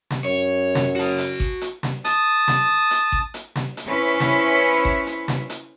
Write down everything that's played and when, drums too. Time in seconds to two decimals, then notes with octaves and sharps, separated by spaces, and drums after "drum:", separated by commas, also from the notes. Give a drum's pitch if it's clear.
0.10 drum: snare
0.25 F#2 C#5
0.75 drum: snare
0.96 F#4 A5
1.18 drum: hi-hat
1.40 drum: kick G#1
1.61 drum: hi-hat
1.83 drum: snare
2.05 A5 D#6, drum: hi-hat
2.48 drum: snare
2.91 drum: hi-hat
3.12 drum: kick G#1
3.34 drum: hi-hat
3.55 drum: snare
3.77 drum: hi-hat
3.87 C#4 E4 B4 C5
4.20 drum: snare
4.85 drum: kick G#1
5.06 drum: hi-hat
5.28 drum: snare
5.50 drum: hi-hat